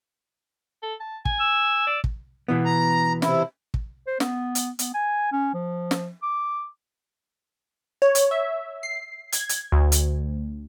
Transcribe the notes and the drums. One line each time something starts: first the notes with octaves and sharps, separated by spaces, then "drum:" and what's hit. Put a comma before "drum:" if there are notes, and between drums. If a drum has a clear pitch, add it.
A4
A5
G#5, drum: kick
E6
D5
drum: kick
B2 E3 B3
A#5
C3 E4, drum: snare
drum: kick
C5
B3, drum: snare
drum: hi-hat
B3, drum: hi-hat
G#5
C#4
F3
drum: snare
D6
C#5
drum: hi-hat
E5
C7
G#6, drum: hi-hat
drum: hi-hat
D2
drum: hi-hat